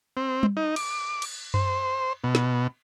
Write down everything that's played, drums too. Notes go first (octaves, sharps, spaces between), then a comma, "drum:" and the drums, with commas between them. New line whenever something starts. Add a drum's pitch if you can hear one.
C4
drum: tom G3
D#4
D6, drum: cymbal
drum: cymbal
C5, drum: tom F#2
B2
drum: snare